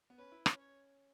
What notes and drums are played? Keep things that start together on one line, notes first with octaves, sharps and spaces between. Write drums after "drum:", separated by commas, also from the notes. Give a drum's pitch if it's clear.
B3
C#4 B4
E4
C#4, drum: rim click
C#5